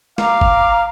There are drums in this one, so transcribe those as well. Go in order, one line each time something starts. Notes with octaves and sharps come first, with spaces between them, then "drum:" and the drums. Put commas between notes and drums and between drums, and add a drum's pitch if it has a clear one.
F5 A#5 D6, drum: snare
drum: kick